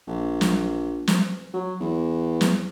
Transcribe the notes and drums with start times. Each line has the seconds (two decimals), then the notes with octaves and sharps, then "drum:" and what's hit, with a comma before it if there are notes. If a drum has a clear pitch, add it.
0.08 A#1
0.41 drum: snare
1.07 drum: snare
1.54 F#3
1.80 E2
2.41 drum: snare